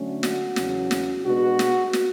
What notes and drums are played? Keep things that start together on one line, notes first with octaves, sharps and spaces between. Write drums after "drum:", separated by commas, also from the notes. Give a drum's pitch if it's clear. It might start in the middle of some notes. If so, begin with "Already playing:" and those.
Already playing: D3 F#3 A3 C#4
F#4, drum: snare
E2 C#3 F#3 C#4, drum: snare
drum: snare
B2 G#3 B3 D4 F#4
drum: snare
drum: snare